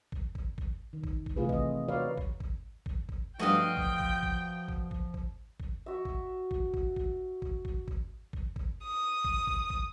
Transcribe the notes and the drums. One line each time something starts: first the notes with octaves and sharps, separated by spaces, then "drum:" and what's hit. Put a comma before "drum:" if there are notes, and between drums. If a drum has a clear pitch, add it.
drum: kick
drum: kick
drum: kick
D#3
drum: kick
drum: kick
C3 E3 A3 F4 G#4 B4
D#5, drum: kick
F#4 A#4 B4 C#5 D5 F5
drum: kick
drum: kick
drum: kick
drum: kick
G2 F3 A3 F#4 D#5 F5 G5
drum: kick
drum: kick
drum: kick
drum: kick
drum: kick
drum: kick
drum: kick
F#4 E5
drum: kick
drum: kick
drum: kick
drum: kick
drum: kick
drum: kick
drum: kick
drum: kick
drum: kick
D#6
drum: kick
drum: kick
drum: kick